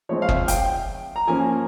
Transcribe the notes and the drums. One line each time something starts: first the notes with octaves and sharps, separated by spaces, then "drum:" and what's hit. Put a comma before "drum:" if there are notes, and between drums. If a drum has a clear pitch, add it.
F3 G#3 C4 C#5
F5
E5, drum: kick F#1
G5, drum: hi-hat
A#5
F3 A#3 C#4 G#5